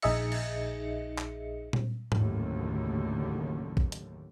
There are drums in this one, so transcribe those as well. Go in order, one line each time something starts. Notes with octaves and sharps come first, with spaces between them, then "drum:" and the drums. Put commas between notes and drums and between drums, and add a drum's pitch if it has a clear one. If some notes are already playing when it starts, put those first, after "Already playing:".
A#1 D#4 G#4 D#5 E5 C#7, drum: cymbal
drum: cymbal
drum: clap
drum: tom A#2
F#1 D#2 A2 D3, drum: tom G#2
drum: kick A#1
drum: hi-hat